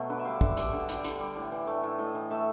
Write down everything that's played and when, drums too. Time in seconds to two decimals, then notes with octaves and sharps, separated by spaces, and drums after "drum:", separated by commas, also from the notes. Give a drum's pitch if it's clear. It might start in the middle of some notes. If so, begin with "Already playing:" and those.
Already playing: B2 F#3 A3
0.09 D3 B4
0.19 E5
0.25 G3 F5
0.41 D3 E5, drum: kick
0.57 G3 D5, drum: hi-hat
0.73 D3
0.89 G3, drum: hi-hat
1.04 D3, drum: hi-hat
1.20 G3
1.36 A2
1.52 E3
1.67 A3
1.83 A2
1.99 A2 D#5
2.15 E3
2.30 A3 E5